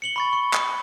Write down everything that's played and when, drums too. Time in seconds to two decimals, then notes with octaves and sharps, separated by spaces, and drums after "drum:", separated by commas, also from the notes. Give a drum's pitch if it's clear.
0.02 C#7 F#7 G7
0.16 B5 C#6 A6
0.33 C#6
0.53 D#6, drum: clap